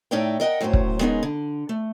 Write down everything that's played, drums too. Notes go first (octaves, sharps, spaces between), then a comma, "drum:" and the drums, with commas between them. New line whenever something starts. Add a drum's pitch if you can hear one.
A2 D#4 C#5 D5 E5 G5
A#4 D#5 F#5 G5
F#2 A2 F#3 C#4 C5
drum: kick
G#3 B3 C#4 D#4 G#4 A#4
D3
A3